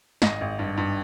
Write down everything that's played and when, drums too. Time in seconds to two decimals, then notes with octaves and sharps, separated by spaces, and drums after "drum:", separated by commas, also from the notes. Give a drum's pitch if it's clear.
0.22 G#1 D#5, drum: snare
0.41 G#1
0.59 G2
0.77 G2